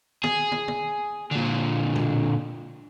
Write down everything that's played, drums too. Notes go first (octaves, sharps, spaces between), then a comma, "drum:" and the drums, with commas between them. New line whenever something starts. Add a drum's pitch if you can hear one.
G#4, drum: tom
drum: tom
drum: tom
A#2 D3
drum: tom B2